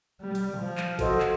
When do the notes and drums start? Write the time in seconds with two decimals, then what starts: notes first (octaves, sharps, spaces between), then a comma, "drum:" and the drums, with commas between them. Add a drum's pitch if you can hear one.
0.21 G3
0.35 drum: cymbal
0.58 F3
0.78 drum: clap
0.99 F#4 A4 C5 D#5, drum: kick G#1, cymbal
1.20 drum: clap